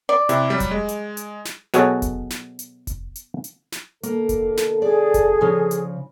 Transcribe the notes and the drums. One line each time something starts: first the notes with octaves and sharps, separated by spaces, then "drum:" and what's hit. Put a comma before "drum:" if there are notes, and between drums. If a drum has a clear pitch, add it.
D5
C3 E4 G4, drum: hi-hat
F#3 G3
drum: kick F1, hi-hat
G#3
drum: hi-hat
drum: hi-hat
drum: snare
B2 F#3 F#4 G#4 A4 C#5, drum: hi-hat
drum: kick F1, hi-hat
drum: snare
drum: hi-hat
drum: kick F1, hi-hat
drum: hi-hat
drum: hi-hat
drum: snare
B2 D3 A#3 A4, drum: hi-hat
drum: kick F1, hi-hat
drum: snare
G#4 D5
drum: kick F1, hi-hat
C#3 F3
drum: hi-hat